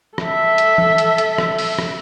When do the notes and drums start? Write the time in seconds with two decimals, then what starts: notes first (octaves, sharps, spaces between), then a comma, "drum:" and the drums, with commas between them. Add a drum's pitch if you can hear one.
0.18 A4 E5, drum: rim click
0.58 drum: hi-hat
0.78 drum: tom E3
0.98 drum: hi-hat
1.18 drum: hi-hat
1.38 drum: rim click
1.58 drum: open hi-hat
1.79 drum: rim click